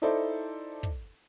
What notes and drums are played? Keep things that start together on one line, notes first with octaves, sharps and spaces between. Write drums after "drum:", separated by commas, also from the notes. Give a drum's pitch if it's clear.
D#4 E4 A4 C5 D5
drum: kick